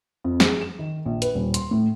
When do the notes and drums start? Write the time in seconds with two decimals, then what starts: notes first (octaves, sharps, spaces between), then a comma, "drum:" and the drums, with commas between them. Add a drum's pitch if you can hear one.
0.24 F2
0.40 G#4, drum: snare
0.61 E7
0.79 D#3
1.06 A#1
1.22 B4, drum: hi-hat
1.35 D#1
1.54 C6, drum: hi-hat
1.71 A2